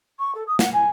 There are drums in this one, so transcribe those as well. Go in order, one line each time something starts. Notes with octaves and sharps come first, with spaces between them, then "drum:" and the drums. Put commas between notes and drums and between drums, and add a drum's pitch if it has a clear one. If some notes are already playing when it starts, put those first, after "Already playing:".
C#6
A4
D#6
F#5, drum: snare
G#5